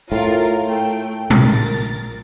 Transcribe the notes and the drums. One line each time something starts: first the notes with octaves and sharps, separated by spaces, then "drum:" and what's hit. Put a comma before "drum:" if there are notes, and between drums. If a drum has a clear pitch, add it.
A2 F4 A#4
A3 G5
A#1 A#4 A6, drum: tom